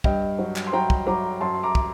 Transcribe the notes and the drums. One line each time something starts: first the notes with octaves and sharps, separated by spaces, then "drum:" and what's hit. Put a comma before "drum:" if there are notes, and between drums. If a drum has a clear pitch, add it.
G2 D#5 G5, drum: kick
F#3
drum: clap
C6
F#3 G5 A#5
drum: kick
F#3 A#5 D6
F#2 A5 C6
C6
A#5 D6
drum: kick